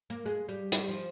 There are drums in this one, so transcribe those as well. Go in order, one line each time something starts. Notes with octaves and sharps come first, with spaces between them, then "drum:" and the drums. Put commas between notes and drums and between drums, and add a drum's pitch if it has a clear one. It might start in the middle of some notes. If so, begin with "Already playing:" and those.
A#3
G#3
G3
G3, drum: hi-hat
F3